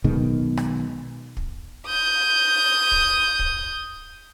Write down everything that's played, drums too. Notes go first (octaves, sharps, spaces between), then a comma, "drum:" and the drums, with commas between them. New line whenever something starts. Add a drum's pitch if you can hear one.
B1 B2 D#3 G#3, drum: kick
drum: rim click
drum: kick
D#6 G6
drum: kick
drum: kick